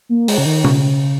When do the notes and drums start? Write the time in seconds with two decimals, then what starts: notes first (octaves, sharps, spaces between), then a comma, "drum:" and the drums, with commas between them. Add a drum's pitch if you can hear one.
0.09 A#3
0.28 G#3, drum: open hi-hat
0.38 C#3
0.46 D#3
0.64 C#3, drum: tom B2